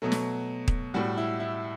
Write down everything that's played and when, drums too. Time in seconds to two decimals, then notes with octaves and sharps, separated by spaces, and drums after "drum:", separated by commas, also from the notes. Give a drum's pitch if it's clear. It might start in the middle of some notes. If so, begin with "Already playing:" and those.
0.02 B2 F#3 A3
0.12 drum: snare
0.68 drum: kick D#1
0.94 A2 G3 F#4
1.17 E4
1.40 E4